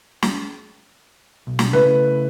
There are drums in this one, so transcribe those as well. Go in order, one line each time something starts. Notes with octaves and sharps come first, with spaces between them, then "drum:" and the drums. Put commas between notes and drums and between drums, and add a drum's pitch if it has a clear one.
drum: snare
B1
drum: snare
C#3 A3 E4 B4